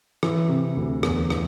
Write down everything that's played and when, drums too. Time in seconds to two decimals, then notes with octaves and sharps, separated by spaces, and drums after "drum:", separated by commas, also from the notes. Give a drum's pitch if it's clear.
0.23 E3, drum: rim click
0.49 C3
0.76 D2
1.03 E2, drum: rim click
1.30 E3, drum: rim click